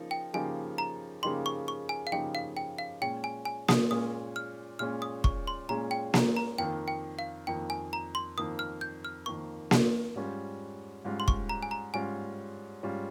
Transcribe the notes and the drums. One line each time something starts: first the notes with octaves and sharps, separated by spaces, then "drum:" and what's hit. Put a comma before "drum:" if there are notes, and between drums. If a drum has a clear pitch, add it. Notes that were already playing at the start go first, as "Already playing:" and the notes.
Already playing: C#3 F3 A#3 D#4
G5
C#3 F3 A#3 D#4 G4 G#5
A#5
C#3 F3 A#3 D#4 G4 C6
C#6
C#6
G#5
F5
C#3 F3 A#3 D#4 G4 G5
F5
G5
F5
A#2 G#3 C#4 G5
G#5
G#5
D#6, drum: snare A#3
A#2 G#3 C#4 D#6
F6
A#2 G#3 C#4 F6
D#6
C#6, drum: kick
C6
A#2 G#3 C#4 A#5
G5
A#5, drum: snare A#3
A#5
F2 D#3 A#3 G5
G5
F5
F2 D#3 A#3 G5
G#5
A#5
C6
F2 D#3 A#3 D#6
F6
G6
F6
F2 D#3 A#3 C#6
drum: snare A#3
G#2 G3 C#4 F4
G#2 G3 C#4 F4
C6
C#6, drum: kick
A#5
G#5
A#5
G#2 G3 C#4 F4 G#5
G#2 G3 C#4 F4